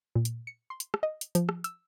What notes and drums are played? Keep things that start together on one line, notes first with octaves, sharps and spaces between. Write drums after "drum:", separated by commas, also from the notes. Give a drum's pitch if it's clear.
A#2
drum: hi-hat
C#7
C6
drum: hi-hat
drum: rim click
D#5
drum: hi-hat
F3, drum: hi-hat
drum: rim click
E6, drum: hi-hat